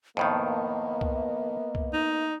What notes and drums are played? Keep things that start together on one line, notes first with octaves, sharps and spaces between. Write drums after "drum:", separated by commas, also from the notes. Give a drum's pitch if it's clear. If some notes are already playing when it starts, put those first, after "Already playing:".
F2 A2 D#3 A#3 B3 D#5
drum: kick C2
drum: kick C2
D#4